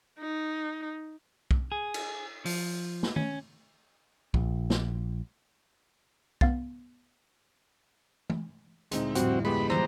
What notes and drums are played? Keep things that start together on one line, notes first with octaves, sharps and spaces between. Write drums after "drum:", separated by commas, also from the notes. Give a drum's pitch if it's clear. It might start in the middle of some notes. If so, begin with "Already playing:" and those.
D#4
drum: kick
G#4
drum: cymbal
F3, drum: open hi-hat
drum: snare
C#4, drum: tom
A#1, drum: kick
drum: snare
B3 F5 A6, drum: kick
drum: tom
D2 A#2 G#3 C4 D#4, drum: hi-hat
F2 A2 G3 C4 F#4, drum: hi-hat
G#3 B3 G4 B5
E3 G3 C5 A#5, drum: rim click